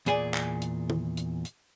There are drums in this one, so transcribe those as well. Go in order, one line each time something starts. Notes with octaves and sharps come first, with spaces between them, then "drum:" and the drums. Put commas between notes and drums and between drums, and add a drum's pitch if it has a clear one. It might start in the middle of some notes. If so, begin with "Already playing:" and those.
E2 A#2 G#4 D5 G#5, drum: hi-hat
drum: clap
drum: hi-hat
drum: tom
drum: hi-hat
drum: hi-hat